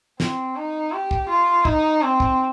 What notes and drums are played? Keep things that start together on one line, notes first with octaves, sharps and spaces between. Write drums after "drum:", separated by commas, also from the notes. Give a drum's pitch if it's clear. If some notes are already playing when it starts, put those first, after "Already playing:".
C4, drum: snare
D#4
G4
drum: kick
F4
D#4, drum: kick
C4
drum: kick